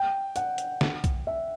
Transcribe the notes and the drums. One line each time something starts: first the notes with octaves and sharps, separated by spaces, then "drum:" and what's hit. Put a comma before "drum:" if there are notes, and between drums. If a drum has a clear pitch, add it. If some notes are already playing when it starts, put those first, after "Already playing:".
Already playing: G5
F#5, drum: hi-hat
drum: hi-hat
drum: snare
drum: kick, hi-hat
E5